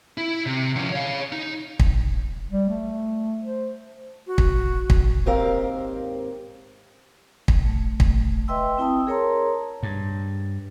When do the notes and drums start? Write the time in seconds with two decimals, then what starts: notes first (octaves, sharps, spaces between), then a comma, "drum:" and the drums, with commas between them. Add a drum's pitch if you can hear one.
0.18 E4
0.46 C3
0.76 F3 C#4
0.92 C#5 F5
1.32 D#4
1.80 drum: kick
2.51 G3
2.69 A3
3.43 C5
4.27 F#4
4.38 drum: kick
4.90 drum: kick
5.26 D#2 G#2 C4 G4 A#4 F5
7.48 drum: kick
7.65 A3
8.00 drum: kick
8.48 B4 D#5 E5 G5 C6 E6
8.78 C4 E4 G5 A5 D#6
9.07 G#4 A#4 C#5 A5 A#5 C6
9.83 G2